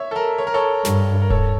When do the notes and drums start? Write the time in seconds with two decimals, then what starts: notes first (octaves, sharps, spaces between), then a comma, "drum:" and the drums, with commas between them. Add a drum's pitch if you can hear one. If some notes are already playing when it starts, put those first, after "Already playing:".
Already playing: C#5 E5
0.11 A4
0.16 A#4
0.38 C#5
0.47 A#4
0.54 A4 C#5
0.85 G2, drum: snare
1.22 A#4
1.30 A4 C#5, drum: kick D1